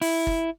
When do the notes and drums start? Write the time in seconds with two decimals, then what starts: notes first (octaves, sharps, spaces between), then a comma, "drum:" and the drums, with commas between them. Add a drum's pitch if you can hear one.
0.02 E4, drum: open hi-hat
0.27 drum: kick